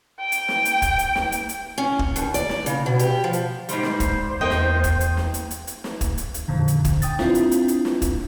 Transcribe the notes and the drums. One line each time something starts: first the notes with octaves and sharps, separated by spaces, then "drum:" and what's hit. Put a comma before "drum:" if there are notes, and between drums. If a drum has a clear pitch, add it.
G5
drum: hi-hat
drum: snare
drum: hi-hat
drum: kick, hi-hat
drum: hi-hat
drum: snare
drum: hi-hat
drum: hi-hat
C#4
drum: kick
D#2, drum: hi-hat
D5, drum: hi-hat
drum: snare
C#3, drum: hi-hat
B2
G4, drum: hi-hat
F3
drum: hi-hat
G#2 G3 C5, drum: hi-hat
drum: snare
drum: kick, hi-hat
E2 A#4 D#5 G5
drum: snare
drum: kick, hi-hat
drum: hi-hat
drum: snare
drum: hi-hat
drum: hi-hat
drum: hi-hat
drum: snare
drum: kick, hi-hat
drum: hi-hat
drum: hi-hat
F2 A#2 D3 D#3
drum: hi-hat
drum: kick, hi-hat
G5 D#6 A6, drum: hi-hat
C4 D4 E4 F4, drum: snare
drum: hi-hat
drum: hi-hat
drum: hi-hat
drum: snare
drum: kick, hi-hat